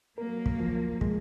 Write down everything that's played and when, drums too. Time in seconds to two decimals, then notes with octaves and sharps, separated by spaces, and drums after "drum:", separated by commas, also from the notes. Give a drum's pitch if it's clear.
0.18 F#3 A#3 A#4
0.46 drum: kick
0.60 F3
1.01 G#3, drum: kick